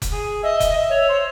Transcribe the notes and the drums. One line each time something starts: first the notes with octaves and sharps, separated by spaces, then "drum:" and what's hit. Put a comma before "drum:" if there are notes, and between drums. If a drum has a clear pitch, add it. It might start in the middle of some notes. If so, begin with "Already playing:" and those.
drum: kick F1, hi-hat
G#4
D#5 E5
drum: kick F1, hi-hat
C#5
C5